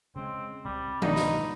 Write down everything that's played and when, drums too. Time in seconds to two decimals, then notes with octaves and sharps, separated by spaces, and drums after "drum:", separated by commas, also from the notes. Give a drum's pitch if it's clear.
0.16 C#3 G#3 C4
0.65 C2 C3 G3
1.02 B1 G#2 D4 D#4 B4, drum: tom D#3
1.16 drum: snare